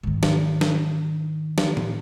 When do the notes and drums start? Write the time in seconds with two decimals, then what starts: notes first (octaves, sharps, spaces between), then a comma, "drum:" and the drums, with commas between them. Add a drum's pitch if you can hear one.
0.03 G#2 D#3
0.23 drum: snare
0.61 drum: snare
1.58 drum: snare
1.77 drum: tom A2